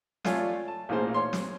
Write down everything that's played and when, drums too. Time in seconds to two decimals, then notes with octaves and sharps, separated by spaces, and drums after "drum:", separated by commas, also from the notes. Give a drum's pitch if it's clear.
0.25 A3 F4 C#5 D5 G#5, drum: snare
0.68 A5
0.89 A1 A#2 A#3 D#4 G#4 C5
1.14 C#5 C6
1.33 drum: snare